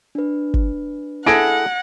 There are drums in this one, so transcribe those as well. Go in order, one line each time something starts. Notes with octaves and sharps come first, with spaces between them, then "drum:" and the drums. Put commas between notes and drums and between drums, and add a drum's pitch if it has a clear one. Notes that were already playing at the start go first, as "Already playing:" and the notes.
D4 B4
drum: kick G1
E4 G#4 A4 F#5 G#6 A#6 D7